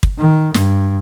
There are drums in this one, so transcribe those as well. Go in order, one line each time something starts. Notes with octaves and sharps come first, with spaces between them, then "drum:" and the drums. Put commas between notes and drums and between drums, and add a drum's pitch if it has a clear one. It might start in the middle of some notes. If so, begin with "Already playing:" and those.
drum: kick
D#3
G2, drum: snare